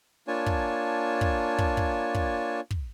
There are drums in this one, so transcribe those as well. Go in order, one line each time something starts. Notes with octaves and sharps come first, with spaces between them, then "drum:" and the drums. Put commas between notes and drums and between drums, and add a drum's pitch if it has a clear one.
A#3 D4 F4 C#5 G#5 A5
drum: kick
drum: kick
drum: kick
drum: kick
drum: kick
drum: kick